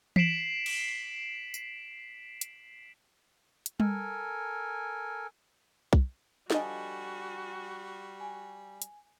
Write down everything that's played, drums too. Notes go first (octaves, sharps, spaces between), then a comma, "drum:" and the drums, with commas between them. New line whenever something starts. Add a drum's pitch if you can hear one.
B6 C7 D7 E7 F#7, drum: tom E3
drum: cymbal
drum: tambourine
drum: hi-hat
drum: hi-hat
A4 A#4 G#5, drum: tom G3
drum: kick B1
D3 F3 G3 F#4 D#5 G#5 A6, drum: snare
G#5
drum: hi-hat